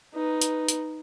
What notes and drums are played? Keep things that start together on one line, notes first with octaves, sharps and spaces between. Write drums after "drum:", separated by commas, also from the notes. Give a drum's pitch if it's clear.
D#4 B4
drum: hi-hat
drum: hi-hat